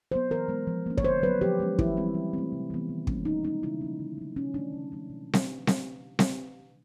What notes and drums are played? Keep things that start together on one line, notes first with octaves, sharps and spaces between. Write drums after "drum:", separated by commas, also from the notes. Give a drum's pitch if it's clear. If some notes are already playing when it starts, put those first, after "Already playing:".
F#3 B3 C5
E3 A#4
G#3 B3
F3
A#3 C#4
C#5, drum: kick
D3 C5
F#3 B3 B4
F3 G4
G#3 C#4
E3 E4, drum: kick
G3 C4
F3
A3 C4
C3
E3 G#3 B3
D#3
G3 A#3 C#4, drum: kick
B2 D#4
G#3 C#4 D#4
C#3 E4
F3 A#3 C#4
D3
F#3 A3
C3 C#4
D#3 F#3 A3 D4
C#3
F3 A3 C#4
B2
drum: snare C4
drum: snare C4
drum: snare C4